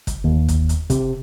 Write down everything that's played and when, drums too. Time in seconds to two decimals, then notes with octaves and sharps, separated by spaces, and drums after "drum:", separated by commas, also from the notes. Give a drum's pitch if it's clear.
0.07 drum: kick, hi-hat
0.24 D#2
0.48 drum: kick, hi-hat
0.69 drum: hi-hat
0.90 C3, drum: kick, hi-hat